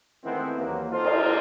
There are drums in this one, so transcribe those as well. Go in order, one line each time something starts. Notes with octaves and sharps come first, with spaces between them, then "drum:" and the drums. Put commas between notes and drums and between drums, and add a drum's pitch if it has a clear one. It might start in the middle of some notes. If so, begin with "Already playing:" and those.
D#3 G#3 A3 B3 C4 E4
D#2 E3 F#3 A#3
D#4 F4 A4 C5
drum: cymbal